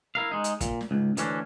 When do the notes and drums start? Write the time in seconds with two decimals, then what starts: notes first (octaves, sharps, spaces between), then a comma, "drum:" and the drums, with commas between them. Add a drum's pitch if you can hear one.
0.15 E4 A#4 F5
0.32 G#3 D#4
0.44 drum: hi-hat
0.61 A#2, drum: kick, hi-hat
0.81 drum: snare
0.91 C#2 G#2
1.17 D2 E3 C#4 D4, drum: hi-hat